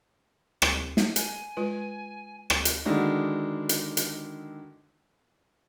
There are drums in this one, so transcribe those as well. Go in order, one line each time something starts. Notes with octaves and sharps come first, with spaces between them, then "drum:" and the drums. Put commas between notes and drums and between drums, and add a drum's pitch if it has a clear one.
drum: rim click
drum: snare
G#5, drum: hi-hat
G#3 F4 B4
drum: rim click
drum: hi-hat
D3 D#3 G#3 D4 E4 F#4
drum: hi-hat
drum: hi-hat